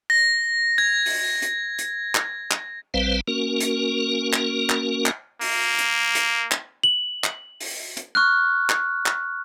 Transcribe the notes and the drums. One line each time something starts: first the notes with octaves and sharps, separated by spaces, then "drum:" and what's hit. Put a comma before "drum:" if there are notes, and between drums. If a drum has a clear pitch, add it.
A#6
G#6
drum: open hi-hat
drum: hi-hat
drum: hi-hat
drum: clap
drum: clap
A#1 G3 C4 B4 C5 F5
A#3 C#4 F#4 A#4
drum: hi-hat
drum: clap
drum: clap
drum: clap
A#3, drum: open hi-hat
drum: hi-hat
drum: hi-hat
drum: clap
F#7
drum: clap
drum: open hi-hat
drum: hi-hat
C#6 F6 F#6
drum: clap
drum: clap